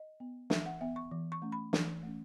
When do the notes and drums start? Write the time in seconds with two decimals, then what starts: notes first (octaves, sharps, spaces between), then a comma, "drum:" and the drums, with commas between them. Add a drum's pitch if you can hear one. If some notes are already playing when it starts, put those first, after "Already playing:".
Already playing: D#5
0.20 B3
0.50 E3 E5, drum: snare
0.66 F#5
0.81 B3 E5
0.96 C#6
1.11 E3
1.32 C#6
1.42 A3 C#4
1.52 B5
1.73 E3, drum: snare
2.03 A3 C#4